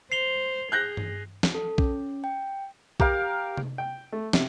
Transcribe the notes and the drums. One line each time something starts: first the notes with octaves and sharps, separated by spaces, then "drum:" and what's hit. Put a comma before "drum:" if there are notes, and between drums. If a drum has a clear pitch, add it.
C5 C7 F7 G7
G#4 F#6 G6 A#6
drum: tom G2
drum: snare
A4
C#4, drum: kick B1
G5
G4 A#4 F5, drum: kick B1
drum: tom C3
G5
A3
C3, drum: snare